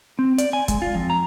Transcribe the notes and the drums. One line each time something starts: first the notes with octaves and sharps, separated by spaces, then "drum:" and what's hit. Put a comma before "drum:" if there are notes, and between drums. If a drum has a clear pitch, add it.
C4
D5, drum: hi-hat
G#5
G#3, drum: kick, hi-hat
F4
F2
A#5